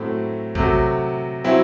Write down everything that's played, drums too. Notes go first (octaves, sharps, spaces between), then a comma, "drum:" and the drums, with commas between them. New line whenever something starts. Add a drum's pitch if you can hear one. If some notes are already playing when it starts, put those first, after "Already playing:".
Already playing: A2 F#3 A3 C4
C3 F#3 A3, drum: kick
F#3 C4 E4